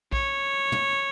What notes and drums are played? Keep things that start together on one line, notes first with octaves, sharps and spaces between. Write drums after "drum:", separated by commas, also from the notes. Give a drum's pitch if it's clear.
C#5, drum: kick A#1
drum: tom